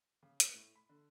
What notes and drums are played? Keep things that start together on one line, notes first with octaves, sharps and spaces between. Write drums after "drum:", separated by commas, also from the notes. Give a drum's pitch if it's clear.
C#3
B4, drum: hi-hat
A2
B5
D3